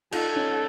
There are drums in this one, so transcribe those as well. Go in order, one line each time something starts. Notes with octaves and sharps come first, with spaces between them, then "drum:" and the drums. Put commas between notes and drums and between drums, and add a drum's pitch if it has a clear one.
D#4 F4 A4, drum: cymbal
C#4 D#4